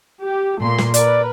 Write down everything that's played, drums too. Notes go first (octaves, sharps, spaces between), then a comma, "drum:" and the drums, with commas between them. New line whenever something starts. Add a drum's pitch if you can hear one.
G4
A#2 A3 C6
drum: snare
A#4 B4 D5, drum: hi-hat